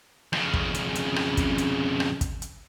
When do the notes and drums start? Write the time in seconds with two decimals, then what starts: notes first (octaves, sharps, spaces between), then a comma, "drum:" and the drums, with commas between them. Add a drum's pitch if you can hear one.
0.33 F2 C#3, drum: rim click
0.54 drum: kick
0.75 drum: hi-hat
0.95 drum: hi-hat
1.16 drum: rim click
1.37 drum: kick, hi-hat
1.58 drum: hi-hat
2.00 drum: rim click
2.21 drum: kick, hi-hat
2.42 drum: hi-hat